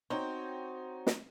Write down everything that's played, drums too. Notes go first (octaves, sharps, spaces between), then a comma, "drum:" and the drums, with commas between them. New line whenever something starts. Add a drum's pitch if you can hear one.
C4 D#4 F#4 C5 C#5 G5
drum: snare